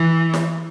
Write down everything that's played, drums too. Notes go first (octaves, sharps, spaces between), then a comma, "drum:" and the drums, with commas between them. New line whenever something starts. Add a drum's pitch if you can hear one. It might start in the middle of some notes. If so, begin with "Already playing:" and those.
Already playing: E3
drum: snare E4